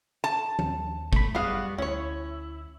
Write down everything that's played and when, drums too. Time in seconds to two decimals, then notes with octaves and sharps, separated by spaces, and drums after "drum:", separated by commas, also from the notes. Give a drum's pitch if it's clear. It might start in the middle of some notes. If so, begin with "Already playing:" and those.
0.24 A5
0.59 D#2, drum: tom
1.13 A3 B5, drum: kick
1.35 F#2 G3 B3 F#4 G#4 F5 D#6
1.78 D2 C#4 E4 C#5